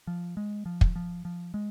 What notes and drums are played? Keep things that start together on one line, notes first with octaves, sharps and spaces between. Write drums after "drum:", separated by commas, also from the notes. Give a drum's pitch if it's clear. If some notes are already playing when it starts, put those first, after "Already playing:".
F3
G#3
F3
drum: kick
F3
F3
G#3